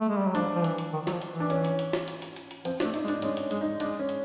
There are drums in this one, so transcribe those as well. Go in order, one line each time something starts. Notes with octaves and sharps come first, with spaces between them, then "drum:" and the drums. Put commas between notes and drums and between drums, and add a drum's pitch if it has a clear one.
A3
G#3
G3
F#3
F3 D4, drum: hi-hat
F3
E3, drum: hi-hat
drum: hi-hat
D#3
F#3, drum: snare
F3
drum: hi-hat
E3
D4
C#4, drum: hi-hat
drum: hi-hat
drum: hi-hat
drum: snare
drum: hi-hat
drum: hi-hat
drum: hi-hat
drum: hi-hat
F3 C4, drum: hi-hat
D4, drum: snare
A3
D#4, drum: hi-hat
G#3
D4, drum: hi-hat
G#3 C#4, drum: hi-hat
drum: hi-hat
G#3, drum: hi-hat
D#4
G#3 D4, drum: hi-hat
C#4
drum: hi-hat